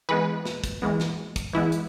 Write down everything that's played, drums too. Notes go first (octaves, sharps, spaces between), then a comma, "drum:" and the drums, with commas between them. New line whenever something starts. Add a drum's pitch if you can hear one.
E3 G#3 B3 B4
drum: snare
drum: kick, hi-hat
E3 G#3 B3
drum: snare
drum: kick, hi-hat
E3 G#3 B3 E4
drum: hi-hat